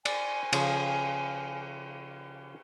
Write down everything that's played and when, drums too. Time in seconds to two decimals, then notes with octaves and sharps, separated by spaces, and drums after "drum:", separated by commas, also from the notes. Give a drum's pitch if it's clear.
0.05 D5 G#5, drum: cymbal
0.53 C#3 F3, drum: cymbal